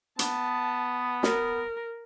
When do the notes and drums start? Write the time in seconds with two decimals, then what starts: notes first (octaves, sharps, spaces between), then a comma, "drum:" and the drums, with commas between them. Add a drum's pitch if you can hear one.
0.19 B3 A5, drum: hi-hat
1.23 A#4, drum: snare